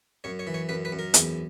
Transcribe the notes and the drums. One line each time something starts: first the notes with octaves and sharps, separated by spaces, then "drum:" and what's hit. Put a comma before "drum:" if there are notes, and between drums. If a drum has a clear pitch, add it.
F#2 C#5
C#5
E3
C#5
F#2 B4
B4
F#2
A#4
E2, drum: hi-hat